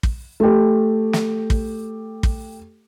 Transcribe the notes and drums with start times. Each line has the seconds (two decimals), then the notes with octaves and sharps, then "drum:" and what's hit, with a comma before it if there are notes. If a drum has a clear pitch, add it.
0.03 drum: kick
0.40 A3 G4
1.13 drum: snare
1.50 drum: kick
2.23 drum: kick